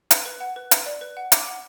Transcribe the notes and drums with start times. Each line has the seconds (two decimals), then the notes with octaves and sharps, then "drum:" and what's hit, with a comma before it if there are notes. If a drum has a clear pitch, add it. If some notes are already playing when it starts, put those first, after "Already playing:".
0.11 B4, drum: hi-hat
0.26 B4
0.40 F#5
0.56 B4
0.71 B4, drum: hi-hat
0.86 D5
1.01 B4
1.17 F#5
1.32 D6, drum: hi-hat
1.47 F#5